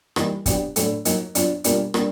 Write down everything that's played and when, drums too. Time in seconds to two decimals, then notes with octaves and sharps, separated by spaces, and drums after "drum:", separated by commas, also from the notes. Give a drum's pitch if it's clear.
0.16 E3 G3 A#3 D#4, drum: rim click
0.46 F#3 B3 D4 G4, drum: kick, hi-hat
0.76 A2 F#3 A3 D4, drum: hi-hat
1.05 F#3 A#3 D#4, drum: hi-hat
1.35 F#3 B3 D4 F4, drum: hi-hat
1.64 B2 G3 A#3 D4 F4, drum: hi-hat
1.94 G3 A#3 D4, drum: rim click